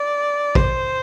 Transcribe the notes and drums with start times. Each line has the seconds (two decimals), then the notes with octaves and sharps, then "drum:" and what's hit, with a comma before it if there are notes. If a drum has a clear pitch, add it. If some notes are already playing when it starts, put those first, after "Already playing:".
Already playing: D5
0.55 C5, drum: kick A#1